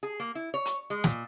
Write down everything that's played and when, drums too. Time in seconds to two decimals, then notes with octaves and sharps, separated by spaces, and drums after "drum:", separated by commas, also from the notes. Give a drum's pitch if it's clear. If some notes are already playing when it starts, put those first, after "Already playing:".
0.03 G#4
0.20 A#3
0.35 E4
0.54 C#5
0.65 drum: hi-hat
0.90 G#3
1.04 A#2, drum: snare